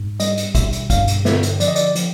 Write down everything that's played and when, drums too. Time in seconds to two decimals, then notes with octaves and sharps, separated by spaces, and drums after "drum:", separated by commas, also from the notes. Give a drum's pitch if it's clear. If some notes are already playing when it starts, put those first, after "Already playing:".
Already playing: G#2
0.20 G3 D#5, drum: hi-hat
0.37 drum: hi-hat
0.55 B2 E5, drum: kick, hi-hat
0.72 drum: hi-hat
0.90 G2 F5, drum: kick, hi-hat
1.08 drum: hi-hat
1.25 D3 E5, drum: snare
1.43 drum: hi-hat
1.60 F3 D5, drum: hi-hat
1.68 D#5
1.75 D5, drum: hi-hat
1.95 F3, drum: hi-hat